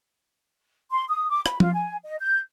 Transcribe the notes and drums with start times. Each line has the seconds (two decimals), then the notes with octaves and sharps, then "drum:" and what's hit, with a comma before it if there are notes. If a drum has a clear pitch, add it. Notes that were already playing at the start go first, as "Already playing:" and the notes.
0.91 C6
1.09 D#6
1.30 D6
1.46 B5, drum: rim click
1.60 F4, drum: tom F3
1.73 G#5
2.04 D#5
2.20 G6